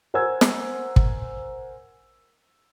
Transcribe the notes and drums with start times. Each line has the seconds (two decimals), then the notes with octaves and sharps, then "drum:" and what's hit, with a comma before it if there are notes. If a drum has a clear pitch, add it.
0.14 A#4 C5 F#5 G#5 E6 G#6
0.41 drum: snare
0.96 drum: kick